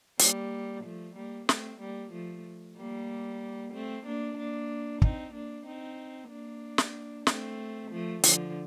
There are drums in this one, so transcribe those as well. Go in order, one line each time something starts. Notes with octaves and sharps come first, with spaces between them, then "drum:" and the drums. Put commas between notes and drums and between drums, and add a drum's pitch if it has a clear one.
G3 A#3, drum: hi-hat
F3 A3
G3 A#3
A3 C4, drum: snare
G3 A#3
F3 A3
G3 A#3
A3 C4
A#3 D4
A#3 D4
C4 D#4, drum: kick
A#3 D4
C4 D#4
A#3 D4
drum: snare
A3 C4, drum: snare
F3 A3
D3 F3, drum: hi-hat